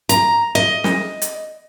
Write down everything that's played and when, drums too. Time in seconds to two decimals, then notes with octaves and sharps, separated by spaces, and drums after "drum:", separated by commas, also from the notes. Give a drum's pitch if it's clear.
0.09 A#5, drum: hi-hat
0.55 D#5
0.84 drum: snare
1.22 drum: hi-hat